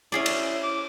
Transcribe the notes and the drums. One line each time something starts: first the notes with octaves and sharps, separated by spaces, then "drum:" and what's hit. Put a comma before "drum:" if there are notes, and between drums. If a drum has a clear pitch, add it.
C#4 E4 G#4 D5
drum: cymbal
D6